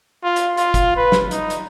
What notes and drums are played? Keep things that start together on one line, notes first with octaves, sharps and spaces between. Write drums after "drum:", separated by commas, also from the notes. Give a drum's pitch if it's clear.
F4
drum: hi-hat
F4, drum: hi-hat
drum: kick, hi-hat
B4
drum: snare
D#4, drum: hi-hat
drum: hi-hat